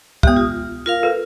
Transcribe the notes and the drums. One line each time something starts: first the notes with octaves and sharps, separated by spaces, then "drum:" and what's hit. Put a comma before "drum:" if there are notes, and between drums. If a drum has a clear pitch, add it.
G#3 B3 G4 D#6, drum: kick
F4
F4 A#4 F5
A4 B4